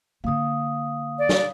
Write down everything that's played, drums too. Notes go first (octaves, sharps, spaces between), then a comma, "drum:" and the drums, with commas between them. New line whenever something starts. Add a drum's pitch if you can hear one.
D3 A#3 F5 D#6
D5
drum: snare